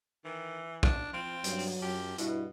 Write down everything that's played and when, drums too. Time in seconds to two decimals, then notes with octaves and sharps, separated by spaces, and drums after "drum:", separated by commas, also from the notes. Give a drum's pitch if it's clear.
0.25 D#3 E3
0.83 D4, drum: kick B1
1.13 F3 C4 F4
1.44 G2 F#3, drum: hi-hat
1.59 drum: open hi-hat
1.82 F#2 F3 G4
2.18 G2 B2 E4, drum: hi-hat